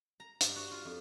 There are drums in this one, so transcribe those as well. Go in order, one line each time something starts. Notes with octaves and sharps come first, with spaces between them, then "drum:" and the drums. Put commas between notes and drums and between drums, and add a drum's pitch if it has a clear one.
A#5
G2, drum: hi-hat
F#4
F4
F2